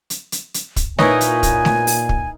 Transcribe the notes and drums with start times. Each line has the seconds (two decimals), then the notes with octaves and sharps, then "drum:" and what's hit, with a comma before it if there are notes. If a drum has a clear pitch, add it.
0.10 drum: hi-hat
0.32 drum: hi-hat
0.54 drum: hi-hat
0.76 drum: kick, hi-hat
0.99 A#2 D#4 E4 A#4 B4 C#5 D#5 G#5, drum: snare A3
1.21 drum: hi-hat
1.43 drum: kick, hi-hat
1.65 drum: snare A3
1.87 drum: open hi-hat
2.09 drum: kick